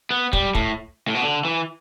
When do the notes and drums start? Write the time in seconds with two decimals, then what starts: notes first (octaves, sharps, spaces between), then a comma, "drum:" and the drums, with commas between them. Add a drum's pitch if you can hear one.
0.10 B3
0.33 G3, drum: kick
0.55 A2, drum: kick
1.08 A2
1.15 B2
1.22 D3
1.45 E3